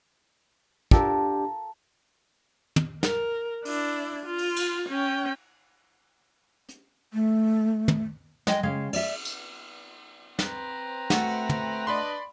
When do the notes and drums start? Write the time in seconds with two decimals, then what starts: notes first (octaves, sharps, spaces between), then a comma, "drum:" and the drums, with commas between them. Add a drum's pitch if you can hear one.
0.91 D4 F4 G4 A4 A#4, drum: kick
2.76 drum: tom
3.03 A#4, drum: snare
3.65 D4 E4, drum: open hi-hat
4.25 F4
4.38 drum: open hi-hat
4.56 drum: cymbal
4.89 C#4 G5
6.69 drum: hi-hat
7.13 A3
7.88 drum: tom
8.47 G#3 D#5 G5, drum: snare
8.63 C#3 G#3 F5
8.93 D5 E5, drum: cymbal
9.25 drum: tambourine
10.39 C4 B4 A#5, drum: snare
11.10 A3 F#4, drum: snare
11.49 drum: tom
11.87 D4 B4 D5 D#5 B5 C6